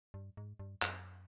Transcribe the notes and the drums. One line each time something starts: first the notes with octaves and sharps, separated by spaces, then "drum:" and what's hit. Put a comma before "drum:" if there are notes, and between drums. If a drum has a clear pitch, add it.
G2
G#2
G2
F#2, drum: clap